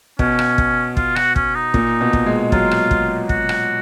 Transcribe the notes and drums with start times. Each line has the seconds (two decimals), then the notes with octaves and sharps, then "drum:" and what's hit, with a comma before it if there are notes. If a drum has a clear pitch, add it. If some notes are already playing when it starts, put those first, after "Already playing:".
0.19 B2 C#4, drum: kick
0.39 drum: rim click
0.58 drum: kick
0.97 F4, drum: kick
1.16 F#4, drum: rim click
1.36 C#4, drum: kick
1.55 D#4
1.74 A#2, drum: kick
2.01 B2
2.13 drum: kick
2.26 G#3
2.52 F#3 F4, drum: kick
2.71 drum: rim click
2.91 drum: kick
3.29 F#4, drum: kick
3.49 drum: rim click